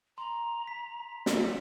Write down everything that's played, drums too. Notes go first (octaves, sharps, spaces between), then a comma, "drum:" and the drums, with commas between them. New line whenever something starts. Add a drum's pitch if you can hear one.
A#5 C6
B6
drum: snare